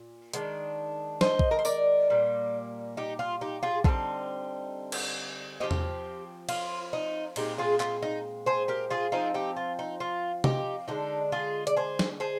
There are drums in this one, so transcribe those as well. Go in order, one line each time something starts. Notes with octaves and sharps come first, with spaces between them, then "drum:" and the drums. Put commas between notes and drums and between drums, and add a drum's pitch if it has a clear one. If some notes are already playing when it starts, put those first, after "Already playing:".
Already playing: A#2
D#3 G#3 D4, drum: hi-hat
C5 D#5, drum: snare
drum: kick A#1
A#4
C5
A#4 D5, drum: tambourine
A#2 G3 A#3
D#4 G4
F4
D#4 G4
F4 G#4
D3 G3 C4 D#4 F4 G#4, drum: kick A#1
drum: cymbal
F3 C4 D#4 G4
drum: tom E2
F4, drum: cymbal
D#4
A#2 G#3 C4 D#4 G4, drum: cymbal
F4 G#4
F4, drum: clap
D#4
G#4 C5
G4 A#4
F4 G#4
F3 C4 D#4 F4 G#4
D#4 G4
F4
D#4
F4
D#4 G4, drum: tom C3
D3 G#3 D4 D#4 G4
F4 G#4
D5, drum: hi-hat
G#4 C5
drum: snare
G#4 C5